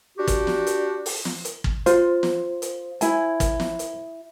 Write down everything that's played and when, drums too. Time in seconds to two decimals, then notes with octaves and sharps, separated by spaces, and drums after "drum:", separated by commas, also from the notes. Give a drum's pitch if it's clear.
0.18 D4 F#4 G4
0.27 drum: kick, hi-hat
0.47 drum: snare
0.67 drum: hi-hat
1.06 drum: open hi-hat
1.25 drum: snare
1.45 drum: hi-hat
1.64 drum: kick
1.86 F4 C5, drum: hi-hat
2.23 drum: snare
2.62 drum: hi-hat
3.01 E4 G#5, drum: hi-hat
3.40 drum: kick, hi-hat
3.60 drum: snare
3.79 drum: hi-hat